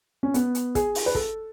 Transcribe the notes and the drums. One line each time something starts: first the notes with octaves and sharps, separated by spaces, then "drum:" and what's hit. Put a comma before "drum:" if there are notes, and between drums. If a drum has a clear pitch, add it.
C#4
B3, drum: hi-hat
drum: hi-hat
G#4, drum: kick, hi-hat
drum: open hi-hat
B4
A4, drum: kick